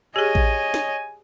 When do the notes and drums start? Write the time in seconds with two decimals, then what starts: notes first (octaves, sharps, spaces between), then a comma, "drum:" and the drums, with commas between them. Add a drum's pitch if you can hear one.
0.16 G4 G#4 C#5 D#5 G#5
0.35 drum: kick A1
0.74 drum: snare